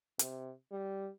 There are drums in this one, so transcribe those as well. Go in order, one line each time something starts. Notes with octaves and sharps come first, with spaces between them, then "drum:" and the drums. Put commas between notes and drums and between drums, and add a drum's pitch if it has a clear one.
C3, drum: hi-hat
G3